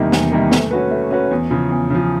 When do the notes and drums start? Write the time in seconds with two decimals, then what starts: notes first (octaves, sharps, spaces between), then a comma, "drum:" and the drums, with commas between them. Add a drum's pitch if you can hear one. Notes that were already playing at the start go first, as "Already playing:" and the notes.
Already playing: E2 C3 D#3 G3 A#3
0.12 E2, drum: snare
0.32 C3 D#3 G3 A#3
0.52 A3, drum: snare
0.71 C#4 F#4 B4
0.91 A3
1.11 C#4 F#4 B4
1.31 E2
1.50 C#3 F3
1.70 E2
1.90 C#3 F3